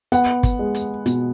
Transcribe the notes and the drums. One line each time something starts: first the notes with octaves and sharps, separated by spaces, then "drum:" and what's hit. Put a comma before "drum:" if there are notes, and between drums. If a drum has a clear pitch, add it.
B3 F#5, drum: hi-hat
drum: kick, hi-hat
G#3
drum: hi-hat
B2, drum: hi-hat